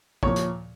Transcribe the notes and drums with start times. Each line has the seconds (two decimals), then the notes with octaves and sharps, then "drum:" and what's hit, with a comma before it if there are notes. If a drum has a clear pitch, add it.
0.23 A#2 F3 C#5, drum: kick
0.36 drum: hi-hat